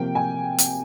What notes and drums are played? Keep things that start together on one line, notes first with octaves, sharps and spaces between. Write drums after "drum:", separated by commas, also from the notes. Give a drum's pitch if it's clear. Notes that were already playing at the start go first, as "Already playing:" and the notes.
Already playing: C3 F3 A#3 G5
G#5
drum: hi-hat